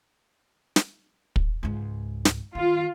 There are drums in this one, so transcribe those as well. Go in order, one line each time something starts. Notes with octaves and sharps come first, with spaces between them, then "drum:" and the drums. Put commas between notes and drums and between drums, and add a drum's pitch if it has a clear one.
drum: snare
drum: kick
C#2 G#2
drum: snare
D#3 F4